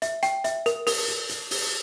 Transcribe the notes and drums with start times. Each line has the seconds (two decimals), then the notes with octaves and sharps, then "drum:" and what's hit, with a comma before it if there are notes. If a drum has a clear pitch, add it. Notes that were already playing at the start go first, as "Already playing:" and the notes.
0.02 E5, drum: hi-hat
0.23 G5, drum: hi-hat
0.44 E5, drum: hi-hat
0.66 A#4, drum: hi-hat
0.87 A#4, drum: open hi-hat
1.08 drum: hi-hat
1.29 drum: hi-hat
1.51 drum: open hi-hat